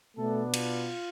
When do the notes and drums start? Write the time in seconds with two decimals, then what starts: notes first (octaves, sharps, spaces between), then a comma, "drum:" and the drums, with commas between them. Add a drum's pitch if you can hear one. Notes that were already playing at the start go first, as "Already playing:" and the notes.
0.17 B2 A3 B3 D4 A4
0.54 F4, drum: cymbal